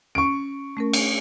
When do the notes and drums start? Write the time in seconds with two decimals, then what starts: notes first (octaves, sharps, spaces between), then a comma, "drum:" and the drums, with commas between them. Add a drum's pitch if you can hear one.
0.15 C#4 C#6 D7
0.77 A3 C#4 A#4
0.93 drum: cymbal